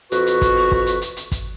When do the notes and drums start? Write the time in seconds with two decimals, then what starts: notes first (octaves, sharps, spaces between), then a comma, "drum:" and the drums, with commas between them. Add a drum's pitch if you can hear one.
0.12 F2 F#4 B4 C#6, drum: hi-hat
0.27 drum: hi-hat
0.42 drum: kick, hi-hat
0.57 drum: open hi-hat
0.72 drum: kick
0.87 drum: hi-hat
1.02 drum: hi-hat
1.17 drum: hi-hat
1.32 drum: kick, hi-hat